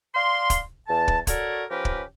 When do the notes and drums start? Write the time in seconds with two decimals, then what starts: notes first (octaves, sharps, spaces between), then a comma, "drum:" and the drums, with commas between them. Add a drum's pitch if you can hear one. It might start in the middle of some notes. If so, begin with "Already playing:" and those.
0.14 D5 F5 C6
0.50 drum: kick, hi-hat
0.87 E2 A5
1.08 drum: kick
1.27 F#4 A4 A#4 C#5 D5, drum: kick, hi-hat
1.69 F3 C#4 G4 A#4 B4
1.85 drum: kick